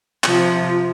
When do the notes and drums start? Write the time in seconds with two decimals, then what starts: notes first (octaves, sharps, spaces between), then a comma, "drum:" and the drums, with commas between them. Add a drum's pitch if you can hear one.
0.24 C3 F3, drum: clap